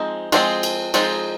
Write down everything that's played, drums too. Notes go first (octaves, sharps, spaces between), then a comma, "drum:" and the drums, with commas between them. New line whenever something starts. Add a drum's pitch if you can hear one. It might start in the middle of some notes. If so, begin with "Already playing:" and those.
Already playing: F3 G#3 C4 D#4
F3 G#3 C4 D#4 G#4, drum: cymbal
drum: cymbal
F3 G#3 C4 D#4 G#4, drum: cymbal